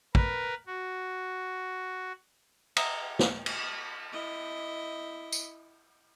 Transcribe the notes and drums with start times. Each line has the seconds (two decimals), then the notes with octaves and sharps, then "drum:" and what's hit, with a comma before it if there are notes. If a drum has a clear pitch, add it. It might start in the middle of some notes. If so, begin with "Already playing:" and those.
0.15 A#4 B4, drum: kick
0.67 F#4
2.77 E5 A#5 D#6, drum: cymbal
3.19 drum: snare
3.46 drum: cymbal
4.12 E4 D#5
5.32 drum: tambourine